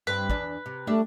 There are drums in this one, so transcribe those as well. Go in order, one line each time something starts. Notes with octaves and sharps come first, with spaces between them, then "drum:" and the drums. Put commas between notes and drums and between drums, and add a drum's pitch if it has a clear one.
G2 C4 B4
E2 D4, drum: kick
C3
G3 A3 D4 E5